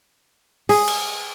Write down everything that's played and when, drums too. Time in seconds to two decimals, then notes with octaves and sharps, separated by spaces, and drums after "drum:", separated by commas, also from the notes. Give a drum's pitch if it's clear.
0.69 G#4, drum: open hi-hat
0.88 drum: cymbal